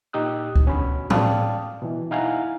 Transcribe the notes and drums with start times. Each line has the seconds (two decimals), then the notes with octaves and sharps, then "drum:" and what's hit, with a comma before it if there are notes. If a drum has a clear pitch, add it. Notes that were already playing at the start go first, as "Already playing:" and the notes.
0.13 A#2 D#4 G4 D#6 E6 F#6
0.56 drum: kick
0.65 D2 B2 C#4 F#4 B5
1.10 D5 F5 G5 A5 D#6, drum: tom
1.82 B2 E3
2.11 D#4 E4 F5 F#5 G#5 A#5